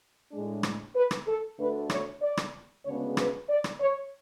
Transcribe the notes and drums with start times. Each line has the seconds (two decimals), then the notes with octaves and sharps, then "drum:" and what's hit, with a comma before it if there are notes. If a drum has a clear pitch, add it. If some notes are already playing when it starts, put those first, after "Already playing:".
0.31 A2 G#3 D4
0.63 drum: rim click
0.95 B4
1.11 drum: rim click
1.27 A4
1.58 D2 D3 A3 D4 B4
1.90 C#5, drum: rim click
2.22 D5
2.37 drum: rim click
2.85 D2 C#3 G#3 B3 D4 C#5
3.17 B4, drum: rim click
3.49 D5
3.64 drum: rim click
3.80 C#5